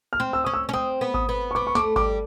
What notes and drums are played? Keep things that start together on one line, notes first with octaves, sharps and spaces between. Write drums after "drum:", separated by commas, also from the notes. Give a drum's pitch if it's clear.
F6
C4
E6
C#4 D#6
E6
C#4
C4 D#6
B3
D#6, drum: kick G#1
B3
C#6
B3 D6
C#6
A3 D6, drum: snare
G3 D6, drum: kick G#1